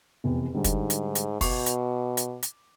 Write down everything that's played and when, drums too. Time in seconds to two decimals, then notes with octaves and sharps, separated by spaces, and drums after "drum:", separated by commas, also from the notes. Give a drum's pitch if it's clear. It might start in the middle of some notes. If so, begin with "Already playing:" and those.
0.24 F1 E2 C4
0.54 G#2 D3 G3 D#4
0.64 drum: kick, hi-hat
0.90 drum: hi-hat
1.15 drum: hi-hat
1.41 B2 C#6 D6 C7, drum: kick, open hi-hat
1.66 drum: hi-hat
2.17 drum: hi-hat
2.43 drum: hi-hat